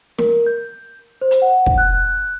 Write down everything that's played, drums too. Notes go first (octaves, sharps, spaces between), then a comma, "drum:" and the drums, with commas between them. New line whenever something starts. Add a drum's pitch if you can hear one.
A#4, drum: snare
G6
C5
drum: hi-hat
F#5
drum: kick
F#6